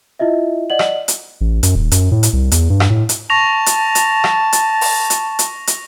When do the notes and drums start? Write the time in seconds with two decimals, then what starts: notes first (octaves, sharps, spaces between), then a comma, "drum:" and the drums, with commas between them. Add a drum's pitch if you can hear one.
0.19 E4 F4 D#5 E5
0.70 D5 D#5 F#5 F#7
0.79 drum: rim click
1.08 drum: hi-hat
1.41 A1
1.63 F#2, drum: hi-hat
1.75 D#1
1.91 F#2, drum: hi-hat
2.12 A2
2.23 drum: hi-hat
2.33 C2
2.51 E2, drum: hi-hat
2.70 G2
2.80 drum: rim click
2.90 A2
3.09 drum: hi-hat
3.30 A5 C#6 A#6 F7
3.66 drum: hi-hat
3.95 drum: hi-hat
4.24 drum: rim click
4.53 drum: hi-hat
4.81 drum: open hi-hat
5.10 drum: hi-hat
5.39 drum: hi-hat
5.67 drum: hi-hat